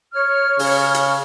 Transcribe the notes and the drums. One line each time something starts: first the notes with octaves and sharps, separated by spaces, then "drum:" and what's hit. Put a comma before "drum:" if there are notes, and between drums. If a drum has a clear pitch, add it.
C#5 F6
C#3, drum: open hi-hat
drum: hi-hat